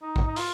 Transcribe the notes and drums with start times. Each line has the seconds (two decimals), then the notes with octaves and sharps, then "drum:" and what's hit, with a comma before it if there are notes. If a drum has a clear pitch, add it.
0.02 D#4
0.16 drum: kick
0.27 D#4
0.36 F4, drum: open hi-hat